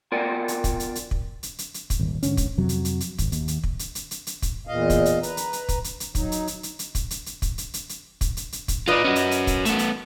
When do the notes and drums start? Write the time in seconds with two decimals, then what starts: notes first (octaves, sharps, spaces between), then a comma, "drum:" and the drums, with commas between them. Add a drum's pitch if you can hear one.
0.12 B3 F4 A#4 D5 G5 G#5
0.48 drum: hi-hat
0.64 drum: kick, hi-hat
0.80 drum: hi-hat
0.95 drum: hi-hat
1.11 drum: kick
1.43 drum: hi-hat
1.59 drum: hi-hat
1.74 drum: hi-hat
1.90 drum: kick, hi-hat
1.99 D#1 G#1
2.23 G#2 D3 C#4, drum: hi-hat
2.37 drum: kick, hi-hat
2.58 F2 C3 F#3
2.69 drum: hi-hat
2.85 drum: hi-hat
3.00 drum: hi-hat
3.18 G#1, drum: kick, hi-hat
3.32 D#2, drum: hi-hat
3.48 drum: hi-hat
3.64 drum: kick
3.79 drum: hi-hat
3.95 drum: hi-hat
4.11 drum: hi-hat
4.27 drum: hi-hat
4.42 drum: kick, hi-hat
4.67 E2 A#2 D#5 F5
4.90 drum: kick, hi-hat
5.05 drum: hi-hat
5.23 B4 A#5, drum: hi-hat
5.37 drum: hi-hat
5.53 drum: hi-hat
5.69 drum: kick, hi-hat
5.84 drum: hi-hat
6.00 drum: hi-hat
6.15 F#3 D#4, drum: kick, hi-hat
6.32 drum: hi-hat
6.47 drum: hi-hat
6.63 drum: hi-hat
6.79 drum: hi-hat
6.95 drum: kick, hi-hat
7.11 drum: hi-hat
7.26 drum: hi-hat
7.42 drum: kick, hi-hat
7.58 drum: hi-hat
7.74 drum: hi-hat
7.89 drum: hi-hat
8.21 drum: kick, hi-hat
8.37 drum: hi-hat
8.52 drum: hi-hat
8.68 drum: kick, hi-hat
8.88 F4 B4 D5 D#5
9.04 C#4 F#4
9.16 drum: hi-hat
9.31 drum: hi-hat
9.47 drum: kick, hi-hat
9.65 A3 B3, drum: hi-hat
9.79 drum: hi-hat